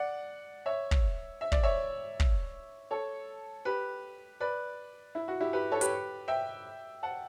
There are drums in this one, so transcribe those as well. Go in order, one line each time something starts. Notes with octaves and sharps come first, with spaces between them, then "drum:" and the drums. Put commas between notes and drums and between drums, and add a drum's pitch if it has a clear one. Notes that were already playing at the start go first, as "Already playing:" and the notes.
Already playing: D5 F#5
C#5 E5
drum: kick
E5
D5, drum: kick
C#5 E5
drum: kick
A4 C#5
G4 B4
B4 D5
E4
F#4
E4 G4
G4 B4
A4 C#5
G4 B4, drum: hi-hat
E5 G5
F#5 A5